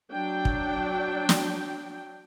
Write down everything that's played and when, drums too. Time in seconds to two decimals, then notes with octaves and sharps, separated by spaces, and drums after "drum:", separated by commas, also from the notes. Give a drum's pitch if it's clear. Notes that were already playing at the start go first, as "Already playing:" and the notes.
0.11 F#3 D4 G5
0.45 drum: kick
1.29 drum: snare